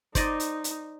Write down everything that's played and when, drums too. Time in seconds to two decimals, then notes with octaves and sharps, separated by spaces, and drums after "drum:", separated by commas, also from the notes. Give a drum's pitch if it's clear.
0.15 D#4 C5 D5 D#5, drum: kick G1, hi-hat
0.40 drum: hi-hat
0.64 drum: hi-hat